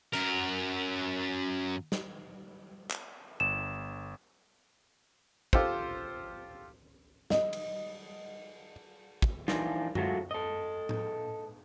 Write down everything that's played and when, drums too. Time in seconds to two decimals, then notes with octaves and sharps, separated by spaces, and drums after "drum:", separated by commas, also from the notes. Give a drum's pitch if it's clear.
0.13 F#2 A#4, drum: hi-hat
1.92 drum: snare
2.91 drum: clap
3.40 G1 E7
5.53 F4 G4 A4 C5, drum: kick
7.30 D#5, drum: snare
7.53 drum: cymbal
9.22 drum: kick
9.48 E3 F3 A#3 D4 D#4 F4, drum: snare
9.95 F#3 G#3 A3 F4 F#4, drum: tom F#2
10.31 A4 D#5
10.89 drum: tom A2